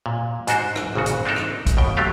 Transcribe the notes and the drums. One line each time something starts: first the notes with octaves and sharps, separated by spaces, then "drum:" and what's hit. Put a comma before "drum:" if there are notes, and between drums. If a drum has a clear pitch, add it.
A#2
G#2 D4 F#4 C5, drum: hi-hat
drum: rim click
G#1 A#2 C#3 F#4
drum: hi-hat
C4 D4 D#4 A4 A#4
drum: rim click
drum: kick, hi-hat
D#2 B2 G5
C3 F#3 A3 D4 G4 F5